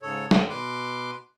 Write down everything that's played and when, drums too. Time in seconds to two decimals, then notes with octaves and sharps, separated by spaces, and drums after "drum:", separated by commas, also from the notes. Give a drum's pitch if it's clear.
0.02 G#2 C#3 A4 C#5
0.31 G2 D#3, drum: snare
0.49 B2 B4 C6 D6